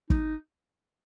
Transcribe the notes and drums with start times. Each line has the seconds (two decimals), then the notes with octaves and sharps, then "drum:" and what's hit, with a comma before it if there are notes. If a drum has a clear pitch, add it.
0.10 D#4, drum: kick